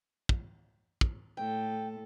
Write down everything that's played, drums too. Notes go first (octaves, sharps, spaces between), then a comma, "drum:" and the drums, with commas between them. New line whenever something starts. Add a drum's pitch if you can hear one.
drum: kick
drum: kick
A2 A4 G5